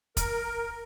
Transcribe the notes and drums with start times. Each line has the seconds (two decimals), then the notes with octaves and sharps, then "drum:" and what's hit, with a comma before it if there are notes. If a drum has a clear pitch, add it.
0.17 A#4, drum: kick, hi-hat